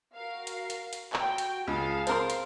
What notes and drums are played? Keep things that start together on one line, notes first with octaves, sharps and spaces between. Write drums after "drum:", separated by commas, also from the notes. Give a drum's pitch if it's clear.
F#4 A#4 F5
drum: hi-hat
drum: hi-hat
drum: hi-hat
F#4 G5, drum: clap
drum: hi-hat
C#2 G#4 F5 A5
C4 A#4 C6, drum: hi-hat
drum: hi-hat